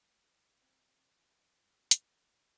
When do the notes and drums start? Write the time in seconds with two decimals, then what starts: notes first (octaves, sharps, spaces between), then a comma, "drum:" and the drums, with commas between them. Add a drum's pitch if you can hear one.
0.60 C4 D7
1.91 drum: hi-hat